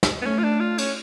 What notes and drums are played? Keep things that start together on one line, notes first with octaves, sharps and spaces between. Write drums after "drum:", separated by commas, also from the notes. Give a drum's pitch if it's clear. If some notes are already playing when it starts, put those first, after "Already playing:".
drum: snare
B3
A3 C#4
F4
D4
F4
C#4, drum: cymbal